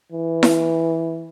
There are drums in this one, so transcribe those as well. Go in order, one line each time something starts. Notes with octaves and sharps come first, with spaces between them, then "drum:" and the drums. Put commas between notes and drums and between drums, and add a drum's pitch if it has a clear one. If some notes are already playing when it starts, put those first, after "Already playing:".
E3
drum: snare E4